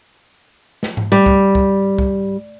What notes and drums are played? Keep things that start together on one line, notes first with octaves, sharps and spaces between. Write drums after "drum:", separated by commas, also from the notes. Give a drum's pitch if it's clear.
drum: snare
drum: tom G#2
G3
drum: kick C2
drum: kick C2
drum: kick C2